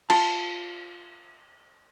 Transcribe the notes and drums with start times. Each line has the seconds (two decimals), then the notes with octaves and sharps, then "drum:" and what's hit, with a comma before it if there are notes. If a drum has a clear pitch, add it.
0.10 F4 A5, drum: cymbal